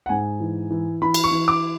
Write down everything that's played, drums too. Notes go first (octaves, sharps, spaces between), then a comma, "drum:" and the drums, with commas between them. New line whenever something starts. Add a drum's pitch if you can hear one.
F#5
G#2 G#5
E3
E3
E3 B5
drum: cymbal
C#6
E3
D6